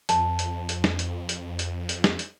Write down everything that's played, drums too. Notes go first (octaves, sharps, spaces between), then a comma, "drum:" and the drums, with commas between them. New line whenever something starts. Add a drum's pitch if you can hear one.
F2 A5, drum: hi-hat
drum: hi-hat
drum: hi-hat
drum: snare
drum: hi-hat
drum: hi-hat
drum: hi-hat
drum: hi-hat
drum: snare
drum: hi-hat